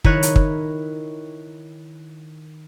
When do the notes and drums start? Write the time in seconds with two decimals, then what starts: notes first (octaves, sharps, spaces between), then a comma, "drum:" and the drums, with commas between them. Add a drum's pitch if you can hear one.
0.04 D#3 E4 A#4 C#5 F#6 D#7, drum: kick
0.23 drum: hi-hat
0.36 drum: kick